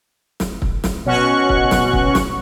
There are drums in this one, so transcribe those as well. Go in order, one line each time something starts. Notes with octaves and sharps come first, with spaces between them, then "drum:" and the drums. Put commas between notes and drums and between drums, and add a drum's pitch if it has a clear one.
drum: snare
drum: kick
drum: snare
B2 C#4 F#4 C#6 F#6
drum: kick
drum: snare
drum: kick
drum: snare